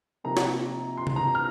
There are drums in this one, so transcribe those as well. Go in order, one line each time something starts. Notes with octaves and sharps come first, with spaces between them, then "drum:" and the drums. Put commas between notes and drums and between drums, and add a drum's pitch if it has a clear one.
C3 F3 A#3 D#4 A#5
drum: snare
C6
drum: tom C3
A#5
F6